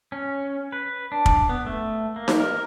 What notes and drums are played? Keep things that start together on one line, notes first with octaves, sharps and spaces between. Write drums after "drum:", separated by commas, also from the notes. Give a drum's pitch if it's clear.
C#4
B4
D4
drum: kick
B3
A3
A#3
drum: snare D#4
A#4